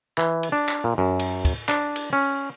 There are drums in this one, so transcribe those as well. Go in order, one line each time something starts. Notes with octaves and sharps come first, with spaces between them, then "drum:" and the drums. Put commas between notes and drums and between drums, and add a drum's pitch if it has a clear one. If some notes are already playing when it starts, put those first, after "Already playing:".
E3, drum: clap
drum: cymbal
D4
drum: clap
A#2
F#2
drum: cymbal
drum: kick, cymbal
D4, drum: clap
drum: cymbal
C#4